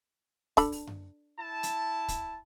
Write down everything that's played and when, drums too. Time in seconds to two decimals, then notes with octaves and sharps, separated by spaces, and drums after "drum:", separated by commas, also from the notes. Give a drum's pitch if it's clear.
0.57 D4 A4 B5, drum: kick, open hi-hat
0.72 drum: open hi-hat
0.87 drum: tom F#2
1.39 E4 A5
1.63 drum: hi-hat
2.08 drum: kick, hi-hat